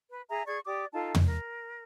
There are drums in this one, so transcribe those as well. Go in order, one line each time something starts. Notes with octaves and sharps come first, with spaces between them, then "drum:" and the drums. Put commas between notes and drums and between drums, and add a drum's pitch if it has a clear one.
B4
G#4 E5 G#5 A#5
G#4 D5 C#6 G#6
G4 D5 D6 D#6
D#4 F4 A4 A5
drum: tom
A#4